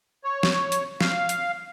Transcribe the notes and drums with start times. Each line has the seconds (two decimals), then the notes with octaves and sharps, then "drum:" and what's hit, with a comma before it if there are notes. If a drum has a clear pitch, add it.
0.24 C#5
0.43 drum: snare
0.72 drum: hi-hat
1.01 F5, drum: snare
1.29 drum: hi-hat